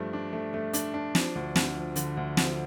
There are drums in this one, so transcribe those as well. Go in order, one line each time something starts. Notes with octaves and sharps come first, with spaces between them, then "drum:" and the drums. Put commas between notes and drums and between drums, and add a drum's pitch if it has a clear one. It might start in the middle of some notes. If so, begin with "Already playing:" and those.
Already playing: G2 F3 A3 D4
D4
A3
A3
D4, drum: hi-hat
D4
F3, drum: snare
D2
D2, drum: snare
F3
D3, drum: hi-hat
D2
F3, drum: snare